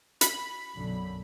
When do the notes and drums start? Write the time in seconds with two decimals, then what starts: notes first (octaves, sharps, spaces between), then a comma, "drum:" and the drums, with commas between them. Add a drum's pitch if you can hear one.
0.21 B5, drum: hi-hat
0.75 B1 F#2 D3